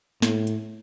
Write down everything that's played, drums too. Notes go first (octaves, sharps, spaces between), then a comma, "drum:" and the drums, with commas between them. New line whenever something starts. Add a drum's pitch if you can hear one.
A2, drum: snare
drum: hi-hat